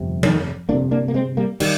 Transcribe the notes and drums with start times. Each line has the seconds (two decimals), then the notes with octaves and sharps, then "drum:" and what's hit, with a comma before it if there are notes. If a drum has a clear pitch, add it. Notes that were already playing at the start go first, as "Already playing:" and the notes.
Already playing: G1 F2 C3
0.23 D#3, drum: tom F3
0.69 G1 F2 C3 A#3 D4
0.91 A#3 D4
1.08 A#3
1.14 G#3 C4
1.37 G3 A#3
1.60 D#3 G3, drum: cymbal